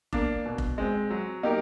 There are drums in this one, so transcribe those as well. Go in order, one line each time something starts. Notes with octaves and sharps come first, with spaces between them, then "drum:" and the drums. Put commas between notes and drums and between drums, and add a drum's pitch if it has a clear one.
A#3 D4, drum: kick F1
B2
drum: kick F1
G#3 C4
F#3
A#3 D#4 G4 A#4